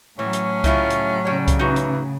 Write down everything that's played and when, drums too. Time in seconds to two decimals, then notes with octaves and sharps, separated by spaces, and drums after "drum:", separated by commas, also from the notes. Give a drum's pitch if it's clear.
0.19 A2 E3 F#3 C#4
0.33 drum: hi-hat
0.64 C#3 E4 F4, drum: kick C2, hi-hat
0.90 drum: hi-hat
1.25 C#3 G3 C#5
1.48 drum: kick C2, hi-hat
1.59 E3 D#4 F#4
1.76 drum: hi-hat